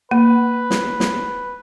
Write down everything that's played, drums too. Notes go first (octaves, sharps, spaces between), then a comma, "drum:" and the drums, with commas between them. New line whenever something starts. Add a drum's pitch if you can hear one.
A#3 B4
drum: snare
drum: snare